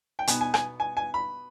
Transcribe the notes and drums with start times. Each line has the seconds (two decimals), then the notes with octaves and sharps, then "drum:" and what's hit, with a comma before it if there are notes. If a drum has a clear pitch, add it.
0.19 G5
0.27 B2 B3 D#4 G#5, drum: hi-hat
0.41 G#5
0.54 G#5, drum: rim click
0.80 G#5
0.97 G#5
1.14 B5